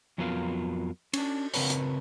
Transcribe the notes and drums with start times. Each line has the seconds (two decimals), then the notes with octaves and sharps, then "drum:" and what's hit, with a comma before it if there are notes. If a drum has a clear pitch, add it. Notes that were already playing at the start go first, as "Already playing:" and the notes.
0.18 F2 F#3 B3 F4 A#4 F5
1.13 C#4 D4, drum: cymbal
1.54 C#3 C4 A#4 B4 C#5, drum: open hi-hat
1.70 drum: hi-hat